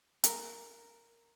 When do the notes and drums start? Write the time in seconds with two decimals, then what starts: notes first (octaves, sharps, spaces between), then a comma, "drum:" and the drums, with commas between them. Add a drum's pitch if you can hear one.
0.24 A#4, drum: hi-hat